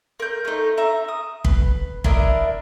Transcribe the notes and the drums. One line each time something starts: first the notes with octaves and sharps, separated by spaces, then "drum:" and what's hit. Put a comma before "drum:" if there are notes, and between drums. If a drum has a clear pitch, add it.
A#4 G6
A3 D#4
E5 A#5
D#6
B4, drum: kick
D4 E4 A#4 D#5, drum: kick